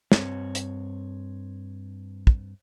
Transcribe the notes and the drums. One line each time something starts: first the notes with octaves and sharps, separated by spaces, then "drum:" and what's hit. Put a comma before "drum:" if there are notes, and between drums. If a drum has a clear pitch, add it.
G2 C4 C#5, drum: snare
drum: hi-hat
drum: kick